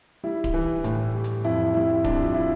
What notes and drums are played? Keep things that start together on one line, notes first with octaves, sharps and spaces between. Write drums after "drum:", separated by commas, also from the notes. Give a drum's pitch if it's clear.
G3 E4
drum: kick D1, hi-hat
E3
A2, drum: hi-hat
G3
drum: hi-hat
F2 E4
G3 E4
F2 D4, drum: kick D1, hi-hat
F4
E4